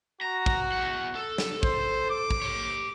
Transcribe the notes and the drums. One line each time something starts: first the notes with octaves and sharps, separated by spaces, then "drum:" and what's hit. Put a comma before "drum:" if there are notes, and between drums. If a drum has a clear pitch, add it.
F#4 A#5
drum: kick
E2 F#5
A4
drum: snare
C5, drum: kick
D6
drum: kick
G4 C#5